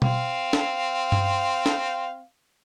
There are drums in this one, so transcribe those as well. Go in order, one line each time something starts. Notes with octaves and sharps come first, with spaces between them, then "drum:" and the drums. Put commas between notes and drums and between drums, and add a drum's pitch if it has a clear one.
C4 F5, drum: tom B2
drum: snare
drum: tom G2
drum: snare